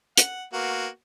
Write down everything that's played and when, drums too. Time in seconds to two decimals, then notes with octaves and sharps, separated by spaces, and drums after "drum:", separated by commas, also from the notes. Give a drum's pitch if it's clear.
0.17 F#5, drum: hi-hat
0.53 A#3 B3 F#4